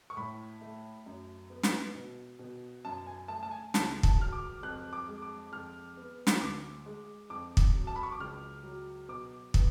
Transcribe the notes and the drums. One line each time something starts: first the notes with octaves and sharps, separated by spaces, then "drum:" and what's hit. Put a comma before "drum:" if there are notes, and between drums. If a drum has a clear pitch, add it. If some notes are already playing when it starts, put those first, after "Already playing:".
C#6
A2 B5
A3
F#2
B3
drum: snare
B2
B2
F#2 A5
G#5
A3 A5
A5
G#5
C#2 A5, drum: snare
A5, drum: kick
F#3 F6
D6
F2 F#6
D6
G#3
D6
F2 F6
B3
drum: snare
D2 D6
G#3
F2 D6
drum: kick
F#3
A5
B5
C#6
D6
C#2 F6
F#3
B2 D6
B3, drum: kick